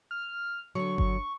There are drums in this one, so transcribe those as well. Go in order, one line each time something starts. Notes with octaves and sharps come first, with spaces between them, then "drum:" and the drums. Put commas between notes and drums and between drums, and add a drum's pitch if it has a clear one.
F6
D3 F#3 C#6
drum: kick G1